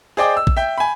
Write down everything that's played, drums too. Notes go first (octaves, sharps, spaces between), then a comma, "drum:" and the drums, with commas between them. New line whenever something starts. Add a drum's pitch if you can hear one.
G#4 C5 D5 D#5 G5 D6
E6
drum: kick
E5 G5 G6
G#5 B5